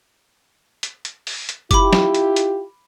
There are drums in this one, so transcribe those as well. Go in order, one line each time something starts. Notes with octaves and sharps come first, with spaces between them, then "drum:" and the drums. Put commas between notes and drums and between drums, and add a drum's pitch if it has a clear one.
drum: hi-hat
drum: hi-hat
drum: open hi-hat
drum: hi-hat
E4 F4 G4 B5 D6, drum: kick F1, hi-hat
drum: snare
drum: hi-hat
drum: hi-hat